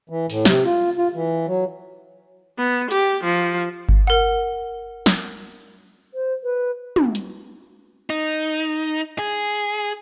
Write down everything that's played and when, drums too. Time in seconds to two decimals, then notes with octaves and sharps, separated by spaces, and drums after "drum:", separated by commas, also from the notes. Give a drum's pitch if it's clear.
0.10 E3
0.30 A2, drum: open hi-hat
0.45 C3, drum: snare
0.65 F4
0.98 F4
1.14 E3
1.47 F#3
2.58 B3
2.91 G4, drum: hi-hat
3.24 F3
3.89 drum: kick G1
4.07 A#4 F#5
5.06 drum: snare
6.14 C5
6.44 B4
6.96 drum: tom
7.15 drum: hi-hat
8.10 D#4
9.19 G#4